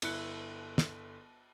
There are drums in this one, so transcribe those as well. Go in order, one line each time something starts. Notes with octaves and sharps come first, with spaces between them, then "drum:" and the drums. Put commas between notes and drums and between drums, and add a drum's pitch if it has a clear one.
G1 E4 F#6 C#7, drum: cymbal
drum: snare